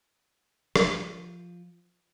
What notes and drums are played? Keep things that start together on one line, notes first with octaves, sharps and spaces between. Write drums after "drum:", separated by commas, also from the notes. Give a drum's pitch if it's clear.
F3, drum: rim click